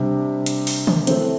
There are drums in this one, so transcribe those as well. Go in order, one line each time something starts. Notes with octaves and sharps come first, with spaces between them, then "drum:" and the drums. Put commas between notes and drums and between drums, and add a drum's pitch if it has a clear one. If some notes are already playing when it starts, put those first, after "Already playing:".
Already playing: C3 G3 D4
drum: hi-hat
drum: open hi-hat
drum: tom
E3 A3 C4, drum: hi-hat